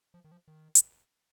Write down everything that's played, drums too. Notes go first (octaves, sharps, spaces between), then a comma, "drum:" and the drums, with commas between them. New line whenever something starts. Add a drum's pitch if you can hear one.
F3
D#3
F3
D#3
drum: hi-hat